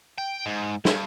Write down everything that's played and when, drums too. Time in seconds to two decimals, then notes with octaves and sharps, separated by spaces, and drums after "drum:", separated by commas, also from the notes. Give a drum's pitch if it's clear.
0.18 G5
0.46 G#2
0.85 G2, drum: snare